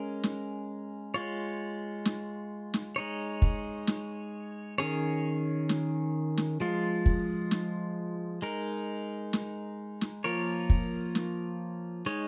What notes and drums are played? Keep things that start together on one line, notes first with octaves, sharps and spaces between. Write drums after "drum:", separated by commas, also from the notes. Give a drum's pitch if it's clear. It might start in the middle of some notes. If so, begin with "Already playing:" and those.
Already playing: G#3 C#4 A#4
drum: snare
G#3 F4 C#5
drum: snare
drum: snare
G#3 D#4 C#5
drum: kick
drum: snare
D#3 C#4 G#4 C#5
drum: snare
drum: snare
F3 G#3 F4
drum: kick
drum: snare
G#3 D#4 A#4
drum: snare
drum: snare
F3 A#3 F4 A#4 C#5
drum: kick
drum: snare
G#3 D#4 C#5